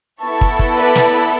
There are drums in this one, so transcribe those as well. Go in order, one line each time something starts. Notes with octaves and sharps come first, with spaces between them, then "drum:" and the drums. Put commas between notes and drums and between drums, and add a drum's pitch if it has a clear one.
B3 E4 A4 A5 C#6
drum: kick
drum: kick
B4 D5
drum: snare